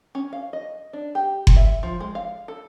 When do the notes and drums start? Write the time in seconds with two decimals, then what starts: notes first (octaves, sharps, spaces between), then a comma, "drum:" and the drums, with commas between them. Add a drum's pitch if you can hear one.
0.15 C#4
0.33 F5
0.53 D#5
0.93 D4
1.15 G4
1.47 drum: kick F#1
1.56 E5
1.83 F3
2.00 G#3
2.15 F5
2.48 A4